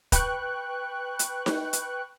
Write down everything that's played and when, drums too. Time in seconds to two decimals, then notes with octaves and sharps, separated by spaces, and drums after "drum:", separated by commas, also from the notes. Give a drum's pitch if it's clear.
0.12 B4 G5 C#6 F#6, drum: kick, hi-hat
1.19 drum: hi-hat
1.46 drum: snare D#4
1.73 drum: hi-hat